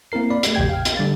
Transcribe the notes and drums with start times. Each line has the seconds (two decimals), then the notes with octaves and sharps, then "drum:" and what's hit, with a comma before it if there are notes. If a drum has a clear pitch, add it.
0.12 A#3 C4 E4 A#4 C7
0.30 D5 B5
0.43 A3 C7, drum: hi-hat
0.55 A#1 E2 C#3 G4 G5 G#6
0.69 F5 G5 F6
0.85 drum: hi-hat
0.97 D3 G3 D5 A6